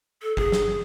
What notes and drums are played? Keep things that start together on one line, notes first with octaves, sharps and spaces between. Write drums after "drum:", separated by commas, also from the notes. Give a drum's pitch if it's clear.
A4
G#4, drum: kick G1
drum: snare